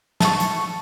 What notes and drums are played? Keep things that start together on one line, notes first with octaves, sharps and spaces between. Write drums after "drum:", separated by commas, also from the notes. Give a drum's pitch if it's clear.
A5 C#6, drum: snare
drum: hi-hat